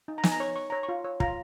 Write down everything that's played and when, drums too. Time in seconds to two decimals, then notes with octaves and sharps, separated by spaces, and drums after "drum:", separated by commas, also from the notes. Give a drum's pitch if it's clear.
0.08 D#4
0.18 A#5
0.23 D#4 G#5, drum: snare
0.32 A#5
0.40 C#5 C#6
0.55 C#5 C#6
0.70 C#5 A#5
0.83 C#6
0.89 F4
1.04 C#5
1.20 F4 A#5, drum: kick